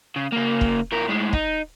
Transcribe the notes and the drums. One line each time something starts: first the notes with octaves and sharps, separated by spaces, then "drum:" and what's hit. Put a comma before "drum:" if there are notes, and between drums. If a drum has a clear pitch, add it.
C#3
C#3 A#3
drum: kick
A2 A#4
A2 G#3
D#4, drum: kick